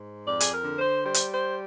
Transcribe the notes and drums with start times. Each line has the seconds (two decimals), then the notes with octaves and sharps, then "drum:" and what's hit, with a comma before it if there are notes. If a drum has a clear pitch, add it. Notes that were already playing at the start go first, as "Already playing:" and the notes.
Already playing: G#2
0.25 F2 D5
0.40 G#4, drum: hi-hat
0.52 A#4
0.64 D3
0.79 C5
1.04 G3 C5
1.14 drum: hi-hat
1.32 C5